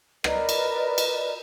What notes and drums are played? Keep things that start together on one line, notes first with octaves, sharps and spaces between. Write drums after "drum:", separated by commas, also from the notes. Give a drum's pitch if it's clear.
A#4 B4 D5 D#5, drum: rim click
drum: cymbal
drum: cymbal